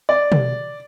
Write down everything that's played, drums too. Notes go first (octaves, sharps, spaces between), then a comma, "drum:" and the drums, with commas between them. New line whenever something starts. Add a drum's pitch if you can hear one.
D5
drum: tom